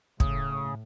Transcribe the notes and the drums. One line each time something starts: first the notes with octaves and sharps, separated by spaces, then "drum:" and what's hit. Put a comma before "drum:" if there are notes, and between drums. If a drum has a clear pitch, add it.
A2 C#3 D#6, drum: kick